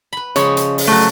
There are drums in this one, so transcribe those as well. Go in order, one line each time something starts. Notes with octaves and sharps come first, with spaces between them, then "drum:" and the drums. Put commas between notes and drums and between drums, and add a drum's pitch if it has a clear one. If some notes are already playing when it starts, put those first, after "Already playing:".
B4 B5
C#3 F3 G#3 C#5, drum: hi-hat
drum: hi-hat
drum: open hi-hat
F#3 A3